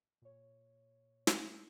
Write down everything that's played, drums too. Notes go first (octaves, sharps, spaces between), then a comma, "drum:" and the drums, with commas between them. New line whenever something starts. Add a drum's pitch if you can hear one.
A#2 C#5
drum: snare